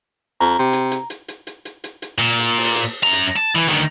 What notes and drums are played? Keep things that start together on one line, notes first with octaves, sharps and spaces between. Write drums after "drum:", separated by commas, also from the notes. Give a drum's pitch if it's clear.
F2 A#5
C3
drum: hi-hat
drum: hi-hat
drum: hi-hat
drum: hi-hat
drum: hi-hat
drum: hi-hat
drum: hi-hat
drum: hi-hat
A#2
drum: hi-hat
drum: open hi-hat
drum: hi-hat
F#2 A#5
drum: hi-hat
A5
E3
D2 D#3, drum: hi-hat